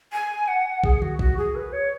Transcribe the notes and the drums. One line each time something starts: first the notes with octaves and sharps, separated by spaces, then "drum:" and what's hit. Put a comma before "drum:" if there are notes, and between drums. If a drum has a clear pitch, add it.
G#5
F#5
G#4, drum: kick B1
F#4, drum: tom D3
F#4, drum: kick B1
G#4
B4
C#5